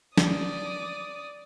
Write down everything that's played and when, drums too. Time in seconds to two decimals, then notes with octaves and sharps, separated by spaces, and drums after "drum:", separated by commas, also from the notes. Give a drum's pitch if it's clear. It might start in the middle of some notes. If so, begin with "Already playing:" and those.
0.18 D5 D#6, drum: snare